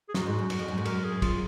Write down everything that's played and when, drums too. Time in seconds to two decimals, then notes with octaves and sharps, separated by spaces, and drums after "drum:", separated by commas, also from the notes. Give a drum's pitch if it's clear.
0.09 G#4
0.14 F#2 F#4, drum: snare
0.27 G#2
0.39 F#2
0.50 F#2, drum: cymbal
0.59 F2
0.68 F#2
0.78 G#2
0.85 F#2 A#4, drum: cymbal
1.04 G#4
1.22 F4, drum: kick, cymbal